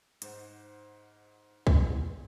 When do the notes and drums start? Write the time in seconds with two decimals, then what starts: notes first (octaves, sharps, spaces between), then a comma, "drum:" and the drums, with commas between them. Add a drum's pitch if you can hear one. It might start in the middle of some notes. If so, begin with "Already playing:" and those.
0.22 G#2 C5 F#5, drum: hi-hat
1.67 drum: kick